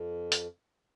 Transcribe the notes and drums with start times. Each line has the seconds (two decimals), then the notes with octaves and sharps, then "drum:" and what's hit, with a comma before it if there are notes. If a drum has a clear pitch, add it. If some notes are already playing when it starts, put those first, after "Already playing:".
Already playing: F2
0.32 drum: hi-hat